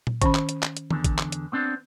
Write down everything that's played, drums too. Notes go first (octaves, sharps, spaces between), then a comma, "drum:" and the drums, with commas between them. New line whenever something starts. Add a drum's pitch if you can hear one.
drum: tom A#2
D#3 C#4 B5, drum: kick, hi-hat
drum: clap
drum: hi-hat
drum: clap
drum: hi-hat
E2 D3, drum: tom D#3
drum: kick, hi-hat
drum: clap
drum: hi-hat
B3 C4 D4